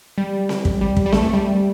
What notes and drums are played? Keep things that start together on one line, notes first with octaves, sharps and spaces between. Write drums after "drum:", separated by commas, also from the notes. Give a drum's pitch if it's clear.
G3
drum: snare C4
drum: kick
G3
drum: kick
G3
A3, drum: snare C4
A3
G3